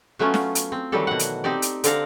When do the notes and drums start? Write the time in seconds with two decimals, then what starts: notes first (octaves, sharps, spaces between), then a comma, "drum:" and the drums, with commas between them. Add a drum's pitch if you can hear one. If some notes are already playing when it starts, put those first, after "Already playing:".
0.19 F#3 A3 B3 C#4 F4
0.34 drum: snare
0.55 drum: hi-hat
0.72 C4
0.92 D#3 E3 F#3 G3 G4 A4
1.07 B2 F#5
1.19 drum: hi-hat
1.44 C4 D#4 G4 D5
1.62 drum: hi-hat
1.84 D3 C4 A4 D5 F5 A#5, drum: hi-hat